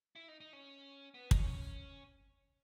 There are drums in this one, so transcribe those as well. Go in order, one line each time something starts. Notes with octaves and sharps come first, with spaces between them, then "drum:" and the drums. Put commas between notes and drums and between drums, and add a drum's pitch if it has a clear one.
E4
D#4
D#4
C#4
B3
D#4, drum: kick
C#4